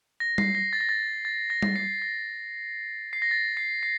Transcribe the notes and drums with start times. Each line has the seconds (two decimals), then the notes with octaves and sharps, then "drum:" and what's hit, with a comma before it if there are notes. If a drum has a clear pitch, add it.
0.20 A#6
0.38 C7, drum: tom G3
0.55 A#6
0.73 A6
0.81 A#6
0.89 A6
1.25 A6
1.50 A#6
1.62 drum: tom G3
1.76 C7
2.02 A#6
3.13 C7
3.22 A#6
3.31 A6
3.57 C7
3.83 C7